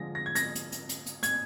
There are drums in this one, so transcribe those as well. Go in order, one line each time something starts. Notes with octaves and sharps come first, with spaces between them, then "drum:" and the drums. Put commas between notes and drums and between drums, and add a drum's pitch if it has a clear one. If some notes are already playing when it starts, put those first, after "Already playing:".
Already playing: D3 F3 G#3 A#6
A#6
G#6
A#6, drum: hi-hat
drum: hi-hat
drum: hi-hat
drum: hi-hat
drum: hi-hat
G#6, drum: hi-hat